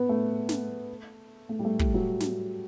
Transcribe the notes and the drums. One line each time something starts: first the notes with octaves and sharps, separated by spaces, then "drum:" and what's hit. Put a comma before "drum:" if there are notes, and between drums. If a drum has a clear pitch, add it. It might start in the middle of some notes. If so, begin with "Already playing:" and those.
Already playing: B3
A3
drum: snare
A3
G3
A3
G3, drum: kick
F#3
drum: snare